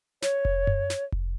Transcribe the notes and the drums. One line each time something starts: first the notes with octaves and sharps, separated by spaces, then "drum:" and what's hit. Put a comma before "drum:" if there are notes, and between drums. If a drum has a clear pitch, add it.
C#5, drum: snare
drum: kick F1
drum: tom F#2
drum: snare
drum: kick F1